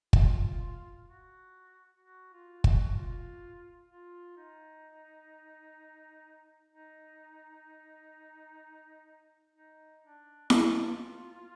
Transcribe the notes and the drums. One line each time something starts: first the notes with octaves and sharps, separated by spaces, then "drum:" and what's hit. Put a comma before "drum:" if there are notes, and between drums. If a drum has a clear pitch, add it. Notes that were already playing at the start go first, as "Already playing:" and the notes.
F4, drum: kick
F#4
F#4
F4
F#4, drum: kick
F4
F4
D#4
D#4
D#4
D4
F4, drum: snare E4